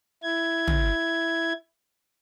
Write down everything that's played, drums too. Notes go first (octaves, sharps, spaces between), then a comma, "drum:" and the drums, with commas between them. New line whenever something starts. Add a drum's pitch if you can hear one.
E4 G#6
drum: tom